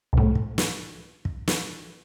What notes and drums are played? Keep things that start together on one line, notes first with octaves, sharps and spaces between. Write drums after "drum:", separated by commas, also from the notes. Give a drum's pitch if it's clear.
C2 A2
drum: kick
drum: snare
drum: kick
drum: snare